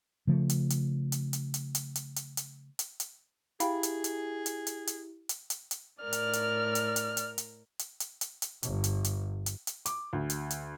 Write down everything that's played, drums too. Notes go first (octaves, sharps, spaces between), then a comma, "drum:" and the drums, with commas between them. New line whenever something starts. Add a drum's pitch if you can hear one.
C#3 F3 A3
drum: hi-hat
drum: hi-hat
drum: hi-hat
drum: hi-hat
drum: hi-hat
drum: hi-hat
drum: hi-hat
drum: hi-hat
drum: hi-hat
drum: hi-hat
drum: hi-hat
E4 G4 G#4 F5 G5 B5, drum: hi-hat
drum: hi-hat
drum: hi-hat
drum: hi-hat
drum: hi-hat
drum: hi-hat
drum: hi-hat
drum: hi-hat
drum: hi-hat
A2 A#4 D5 F6
drum: hi-hat
drum: hi-hat
drum: hi-hat
drum: hi-hat
drum: hi-hat
drum: hi-hat
drum: hi-hat
drum: hi-hat
drum: hi-hat
drum: hi-hat
G1, drum: hi-hat
drum: hi-hat
drum: hi-hat
drum: hi-hat
drum: hi-hat
D6, drum: hi-hat
D2
drum: hi-hat
drum: hi-hat